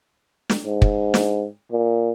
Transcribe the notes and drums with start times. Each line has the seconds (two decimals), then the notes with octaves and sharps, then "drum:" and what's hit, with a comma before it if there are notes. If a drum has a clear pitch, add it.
0.49 drum: snare
0.66 G#2
0.82 drum: kick
1.14 drum: snare
1.72 A#2